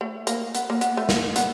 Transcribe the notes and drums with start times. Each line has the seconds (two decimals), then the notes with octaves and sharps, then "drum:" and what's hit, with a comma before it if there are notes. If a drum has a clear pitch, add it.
0.01 A3
0.27 A#3, drum: hi-hat
0.55 B3, drum: hi-hat
0.70 A#3
0.81 B3, drum: hi-hat
0.97 A3
1.09 A#3, drum: snare
1.36 B3, drum: hi-hat